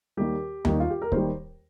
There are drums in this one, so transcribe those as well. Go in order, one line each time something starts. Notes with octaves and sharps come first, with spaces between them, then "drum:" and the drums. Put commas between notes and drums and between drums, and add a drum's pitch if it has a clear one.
D#2 D#3 G3 G4
D#2 D#3 G3 D#4, drum: tom D#2
F4
G4
A#4
D#2 D#3 G3 C5, drum: kick C#1